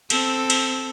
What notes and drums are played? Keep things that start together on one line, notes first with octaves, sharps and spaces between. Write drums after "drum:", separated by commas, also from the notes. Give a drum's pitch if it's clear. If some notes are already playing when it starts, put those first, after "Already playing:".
C4 A4, drum: cymbal
drum: cymbal